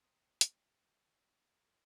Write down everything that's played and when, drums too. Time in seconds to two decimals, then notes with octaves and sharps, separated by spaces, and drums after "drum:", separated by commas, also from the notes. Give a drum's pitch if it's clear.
0.01 C5 G5 A#5 D#6
0.41 drum: hi-hat